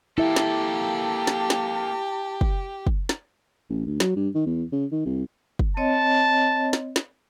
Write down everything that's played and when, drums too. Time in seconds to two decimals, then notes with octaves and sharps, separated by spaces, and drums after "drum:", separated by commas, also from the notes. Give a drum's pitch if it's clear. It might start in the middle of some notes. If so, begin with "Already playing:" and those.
0.18 A#3 E4 G4 A4 E5 A5
0.36 drum: snare
1.27 drum: snare
1.50 drum: snare
2.41 drum: kick
2.87 drum: kick
3.09 drum: snare
3.70 A1
3.87 D2
4.00 F#3, drum: snare
4.16 G2
4.35 D#3
4.46 E2
4.72 C#3
4.92 D#3
5.06 C2
5.59 drum: kick
5.77 C4 C#5 D#5 A5
6.73 drum: snare
6.96 drum: snare